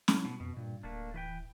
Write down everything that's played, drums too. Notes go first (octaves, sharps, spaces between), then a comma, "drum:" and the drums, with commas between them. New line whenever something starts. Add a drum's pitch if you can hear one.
drum: snare
B2
F2 B2
G2 A#2
D1 A3 A#3 D4
E3 B4 G5